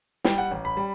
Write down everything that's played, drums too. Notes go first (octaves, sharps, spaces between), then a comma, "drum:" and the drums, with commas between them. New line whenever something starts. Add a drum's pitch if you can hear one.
G3 G5, drum: snare
F#5
A1
B5
G3